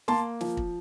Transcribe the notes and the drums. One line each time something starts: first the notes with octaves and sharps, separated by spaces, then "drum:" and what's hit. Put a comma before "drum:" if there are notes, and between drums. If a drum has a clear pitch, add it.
A#3 A5 C6, drum: snare
F3, drum: snare
drum: kick